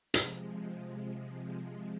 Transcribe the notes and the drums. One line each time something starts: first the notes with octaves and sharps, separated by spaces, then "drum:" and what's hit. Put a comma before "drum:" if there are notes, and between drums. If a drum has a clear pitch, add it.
C3 F3 G#3, drum: hi-hat